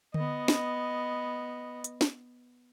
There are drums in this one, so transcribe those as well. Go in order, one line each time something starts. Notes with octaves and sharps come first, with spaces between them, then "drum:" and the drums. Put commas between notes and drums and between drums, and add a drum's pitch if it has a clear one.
B3 D#5, drum: tom D3
drum: snare
drum: hi-hat
drum: snare